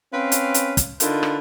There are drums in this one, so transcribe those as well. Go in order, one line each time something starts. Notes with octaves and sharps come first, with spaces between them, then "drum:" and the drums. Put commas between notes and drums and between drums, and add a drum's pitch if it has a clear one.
C4 C#4 B4 F5
drum: hi-hat
drum: hi-hat
drum: kick, hi-hat
D3 D#4 F4 A#4 B4, drum: hi-hat
drum: rim click